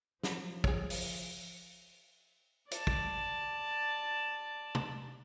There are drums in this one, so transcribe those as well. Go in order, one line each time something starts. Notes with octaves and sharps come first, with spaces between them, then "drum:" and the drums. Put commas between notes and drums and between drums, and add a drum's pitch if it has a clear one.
F3, drum: snare
G#4 C#5, drum: kick
drum: open hi-hat
D5 A5, drum: hi-hat
drum: kick
drum: tom